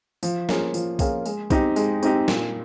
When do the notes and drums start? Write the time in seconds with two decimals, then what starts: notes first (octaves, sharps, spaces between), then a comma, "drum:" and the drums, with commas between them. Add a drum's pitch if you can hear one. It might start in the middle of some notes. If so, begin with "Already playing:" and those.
0.23 F3, drum: tambourine
0.49 A#3 C#4 F4 G#4, drum: snare
0.74 F3, drum: tambourine
0.99 A#3 C#4 F4 G#4, drum: kick B1, tambourine
1.25 G#3, drum: tambourine
1.50 C4 D#4 G4, drum: kick B1, tambourine
1.76 G#3, drum: tambourine
2.03 C4 D#4 G4, drum: tambourine
2.28 A#2, drum: snare